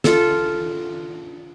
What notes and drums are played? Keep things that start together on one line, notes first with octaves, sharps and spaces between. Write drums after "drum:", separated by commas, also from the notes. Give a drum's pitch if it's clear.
F4 A4, drum: snare